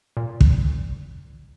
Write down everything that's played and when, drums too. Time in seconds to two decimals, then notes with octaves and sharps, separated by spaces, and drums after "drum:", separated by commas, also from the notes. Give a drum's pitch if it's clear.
0.17 A#2
0.41 drum: kick